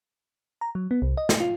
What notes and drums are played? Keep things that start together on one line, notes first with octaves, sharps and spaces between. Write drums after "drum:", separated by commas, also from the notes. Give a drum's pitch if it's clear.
A#5
F#3
B3
C2
D#5
drum: snare
F4